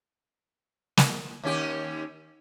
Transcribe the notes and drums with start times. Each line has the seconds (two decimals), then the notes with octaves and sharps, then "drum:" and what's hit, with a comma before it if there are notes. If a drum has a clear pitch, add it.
0.97 drum: snare
1.44 D#2 C#4 G4